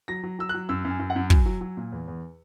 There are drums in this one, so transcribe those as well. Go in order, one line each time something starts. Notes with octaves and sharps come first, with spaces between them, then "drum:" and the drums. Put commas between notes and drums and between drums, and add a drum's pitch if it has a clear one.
F#3 A#6
F#3
F#3 E6
F#6
F#3
F#2 E6
F#2
G#5
F#2
F#5
F#2
F#3 G#5, drum: kick
F#3
F#3
A#2
E2
E2